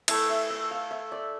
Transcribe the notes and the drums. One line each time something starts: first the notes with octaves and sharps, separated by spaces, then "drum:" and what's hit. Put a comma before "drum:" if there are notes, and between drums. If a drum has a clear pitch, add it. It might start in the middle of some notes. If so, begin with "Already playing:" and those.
A3 E4 E5, drum: cymbal
E5
E5
F5
E5
D5